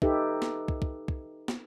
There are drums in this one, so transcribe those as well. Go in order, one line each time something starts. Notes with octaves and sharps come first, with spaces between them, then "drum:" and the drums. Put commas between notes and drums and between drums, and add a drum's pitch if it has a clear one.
D#4 G4 A4 B4 E5, drum: kick
drum: snare
drum: kick
drum: kick
drum: kick
drum: snare